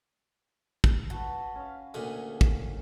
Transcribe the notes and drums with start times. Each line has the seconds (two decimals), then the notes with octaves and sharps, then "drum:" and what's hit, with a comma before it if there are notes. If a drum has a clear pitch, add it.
0.84 drum: kick
1.10 F#4 A4 B4
1.56 C#4 F5
1.94 D2 A#2 D3 G#4
2.41 drum: kick